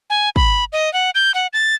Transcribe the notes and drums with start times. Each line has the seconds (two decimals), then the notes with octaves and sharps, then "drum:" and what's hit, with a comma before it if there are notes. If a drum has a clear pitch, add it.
0.10 G#5
0.36 B5, drum: kick
0.73 D#5
0.93 F#5
1.15 G6
1.35 F#5
1.53 A6